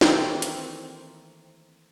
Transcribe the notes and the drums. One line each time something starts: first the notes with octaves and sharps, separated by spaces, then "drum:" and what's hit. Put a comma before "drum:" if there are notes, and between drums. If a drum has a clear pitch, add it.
D#3 E3 A3 A#3 C4, drum: snare
drum: hi-hat